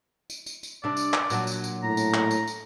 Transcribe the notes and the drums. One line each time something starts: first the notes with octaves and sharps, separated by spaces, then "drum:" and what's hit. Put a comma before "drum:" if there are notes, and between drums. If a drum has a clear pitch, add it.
drum: tambourine
drum: tambourine
drum: tambourine
C3 D4 D5
drum: tambourine
drum: clap
A#2 F#3 D4, drum: tambourine
drum: tambourine
drum: tambourine
A2 A#5
drum: tambourine
drum: clap
drum: tambourine
drum: tambourine